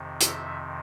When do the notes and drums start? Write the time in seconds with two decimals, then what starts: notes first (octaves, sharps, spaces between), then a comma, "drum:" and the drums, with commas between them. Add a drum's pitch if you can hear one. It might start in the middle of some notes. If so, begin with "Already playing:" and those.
Already playing: F2 C3 D#3
0.21 E5, drum: hi-hat